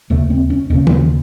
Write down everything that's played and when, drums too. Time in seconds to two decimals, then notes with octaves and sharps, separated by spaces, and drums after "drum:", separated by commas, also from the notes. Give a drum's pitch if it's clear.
0.10 D#2 C#3 A3
0.30 C4
0.50 C#4
0.70 D#2 C#3 C#4
0.87 drum: tom